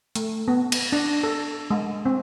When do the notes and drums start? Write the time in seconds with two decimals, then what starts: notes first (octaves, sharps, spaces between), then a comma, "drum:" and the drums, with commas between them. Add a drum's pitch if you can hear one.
0.15 A3, drum: hi-hat
0.48 B3
0.72 drum: cymbal
0.92 D4
1.23 A4
1.70 G#3
2.06 C4